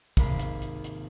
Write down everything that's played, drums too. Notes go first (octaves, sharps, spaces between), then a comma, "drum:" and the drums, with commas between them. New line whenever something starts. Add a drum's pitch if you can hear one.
G#1 D#2 C3 B5 C7, drum: kick, hi-hat
drum: hi-hat
drum: hi-hat
drum: hi-hat